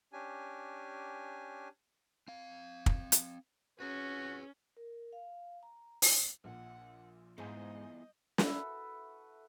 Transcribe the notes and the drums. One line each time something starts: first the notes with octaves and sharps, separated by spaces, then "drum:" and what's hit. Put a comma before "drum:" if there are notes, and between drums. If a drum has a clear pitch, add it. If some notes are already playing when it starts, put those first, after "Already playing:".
C#4 D4 G4 G#5
C4 F5
drum: kick
drum: hi-hat
C#4 F#4 G#4 B4
A#4
F5
A#5
drum: open hi-hat
A#1 A#2 F#5
G#2 G#3 B3 E4 F4 D#5 G#5 G6
F#4 A4 B4 E5, drum: snare